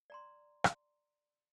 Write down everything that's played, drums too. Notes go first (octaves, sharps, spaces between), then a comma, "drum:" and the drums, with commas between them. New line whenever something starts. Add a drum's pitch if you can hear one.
D5 A#5 C6
drum: rim click